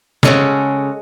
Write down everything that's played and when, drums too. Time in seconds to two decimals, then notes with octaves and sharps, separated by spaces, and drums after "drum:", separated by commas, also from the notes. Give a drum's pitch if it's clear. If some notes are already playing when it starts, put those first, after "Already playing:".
0.23 C#3 G#3 C#4 F#4 A4, drum: snare